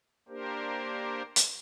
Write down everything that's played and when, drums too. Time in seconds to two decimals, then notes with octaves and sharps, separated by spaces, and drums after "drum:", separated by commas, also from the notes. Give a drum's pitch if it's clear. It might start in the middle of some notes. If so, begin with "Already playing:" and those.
0.29 A#3 D4 G4 A#4 C5
1.36 drum: hi-hat